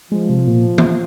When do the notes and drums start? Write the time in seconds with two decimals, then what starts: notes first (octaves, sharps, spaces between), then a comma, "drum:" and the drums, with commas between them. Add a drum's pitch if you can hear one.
0.11 F3 G#3
0.29 C3
0.47 A#2
0.78 drum: tom E3